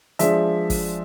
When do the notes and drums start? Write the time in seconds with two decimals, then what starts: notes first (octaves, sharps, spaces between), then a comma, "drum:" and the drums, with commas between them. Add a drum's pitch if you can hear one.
0.19 F3 G#3 D4 E5, drum: hi-hat
0.70 drum: kick, open hi-hat